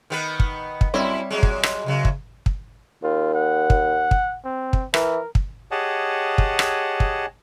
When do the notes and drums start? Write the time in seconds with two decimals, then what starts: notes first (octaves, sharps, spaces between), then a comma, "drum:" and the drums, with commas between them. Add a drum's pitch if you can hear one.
0.10 D#3 B3 B4
0.40 drum: kick
0.81 drum: kick
0.94 F#2 G3 C4 E4 C#5
1.30 F#3 G#3
1.43 drum: kick
1.63 drum: rim click
1.86 F#2 C#3 F#3
2.05 drum: kick
2.46 drum: kick
3.03 D#2 F4
3.34 F#5
3.70 drum: kick
4.11 drum: kick
4.45 C4
4.73 drum: kick
4.94 E3 A#4, drum: rim click
5.35 drum: kick
5.71 G4 G#4 C#5 D#5 F#5 A5
6.38 drum: kick
6.59 drum: rim click
7.00 drum: kick